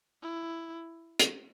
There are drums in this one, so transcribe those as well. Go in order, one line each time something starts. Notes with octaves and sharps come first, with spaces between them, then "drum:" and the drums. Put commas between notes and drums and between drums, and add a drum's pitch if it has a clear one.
E4
drum: hi-hat